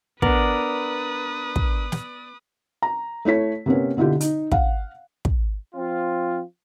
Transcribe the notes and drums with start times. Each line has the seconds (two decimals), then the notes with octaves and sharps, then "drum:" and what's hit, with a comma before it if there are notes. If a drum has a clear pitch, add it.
0.22 B3 D4 A#4 B4 D5 D#6, drum: kick
1.56 drum: kick
1.92 drum: snare
2.82 A#5
3.25 A3 E4 C#5 B6
3.66 C3 A#3 B3 C#4
3.97 B2 D3 E4 F4 G4
4.20 D#4, drum: hi-hat
4.52 F5 F#5, drum: kick
5.25 drum: kick
5.75 F3 C4 F4